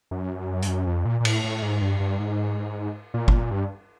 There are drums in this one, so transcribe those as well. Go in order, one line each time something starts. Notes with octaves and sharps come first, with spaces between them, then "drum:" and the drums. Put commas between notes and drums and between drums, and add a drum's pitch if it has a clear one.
F#2
G2, drum: hi-hat
F#2
F2
A#2
A#2
A2, drum: cymbal
A2
G#2
G2
G2
G#2
A#2
A2, drum: kick G1
A#2
G2